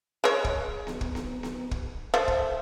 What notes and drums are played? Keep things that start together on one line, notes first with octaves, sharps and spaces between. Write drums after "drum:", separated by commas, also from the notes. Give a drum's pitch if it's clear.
G#3 C#5
drum: kick
drum: snare B3
drum: kick
drum: snare B3
drum: snare B3
drum: kick
F3 A3
drum: kick